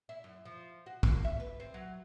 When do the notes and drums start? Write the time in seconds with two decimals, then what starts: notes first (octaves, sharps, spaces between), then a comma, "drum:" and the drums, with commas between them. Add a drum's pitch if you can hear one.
0.09 E4
0.24 F#2
0.45 F3
0.86 F#4
1.03 A#3, drum: kick
1.24 E5
1.40 B4
1.60 C4
1.74 F#3